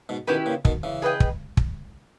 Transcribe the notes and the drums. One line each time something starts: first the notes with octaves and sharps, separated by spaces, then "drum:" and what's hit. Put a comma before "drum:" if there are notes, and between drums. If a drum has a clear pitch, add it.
G#2 B2
B2 D#3 C#4 E4 G4 B4
A#2 C#3
B2 D#3, drum: kick
C#3 E3
G#4 B4 D#5 G5
drum: kick
drum: kick